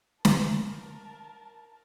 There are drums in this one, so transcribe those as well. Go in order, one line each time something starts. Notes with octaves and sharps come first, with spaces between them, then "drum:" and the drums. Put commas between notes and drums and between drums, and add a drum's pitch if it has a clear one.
A#4 A5, drum: snare